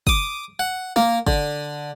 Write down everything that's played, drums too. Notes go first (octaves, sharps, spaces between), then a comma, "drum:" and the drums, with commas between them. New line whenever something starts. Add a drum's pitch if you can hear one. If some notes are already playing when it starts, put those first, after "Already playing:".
D6 D#6, drum: kick
F#5
A#3, drum: snare
D3, drum: kick